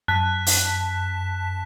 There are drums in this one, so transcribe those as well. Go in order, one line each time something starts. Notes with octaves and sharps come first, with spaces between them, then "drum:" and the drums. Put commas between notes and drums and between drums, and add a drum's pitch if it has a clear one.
F#2 A5 F#6 B6
drum: open hi-hat